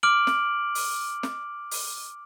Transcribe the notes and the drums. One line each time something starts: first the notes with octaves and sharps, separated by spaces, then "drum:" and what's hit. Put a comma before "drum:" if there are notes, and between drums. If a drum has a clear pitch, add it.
D6 F6 D7 F#7
drum: snare
drum: open hi-hat
drum: snare
drum: open hi-hat